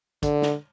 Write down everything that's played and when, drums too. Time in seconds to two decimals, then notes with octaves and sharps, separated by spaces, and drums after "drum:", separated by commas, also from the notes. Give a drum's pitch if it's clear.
0.23 D3, drum: kick, hi-hat
0.42 drum: snare